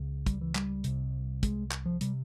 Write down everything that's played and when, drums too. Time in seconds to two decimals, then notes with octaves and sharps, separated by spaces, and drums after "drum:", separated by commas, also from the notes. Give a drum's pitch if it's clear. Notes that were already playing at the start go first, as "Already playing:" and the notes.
Already playing: C#2 C#3
0.26 G3, drum: kick, hi-hat
0.41 E3
0.55 G3, drum: clap
0.84 C2 C3, drum: hi-hat
1.43 G#3, drum: kick, hi-hat
1.71 drum: clap
1.86 F3
2.01 C3 G3, drum: hi-hat